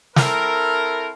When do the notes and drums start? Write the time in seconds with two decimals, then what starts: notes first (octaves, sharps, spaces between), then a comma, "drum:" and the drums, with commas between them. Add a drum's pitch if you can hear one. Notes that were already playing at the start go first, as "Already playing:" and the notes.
0.16 C4 E4 A4 A#4, drum: snare